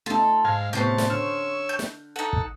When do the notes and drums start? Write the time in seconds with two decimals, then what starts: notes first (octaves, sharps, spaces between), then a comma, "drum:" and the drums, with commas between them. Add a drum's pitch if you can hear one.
0.06 A3 D#4 F4 A4
0.45 G#2 F5 F6 G#6 A#6
0.73 A2 C3 B3 C#4 C5 A5 G6
0.98 drum: snare
1.10 D3 C#5 E6 F6
1.69 G6
1.79 drum: snare
2.16 D#4 A4 F#5
2.33 drum: kick